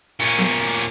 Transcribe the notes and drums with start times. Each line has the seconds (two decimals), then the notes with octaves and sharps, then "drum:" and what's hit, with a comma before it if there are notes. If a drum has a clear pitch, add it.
0.20 A#2 C#4
0.38 drum: snare B3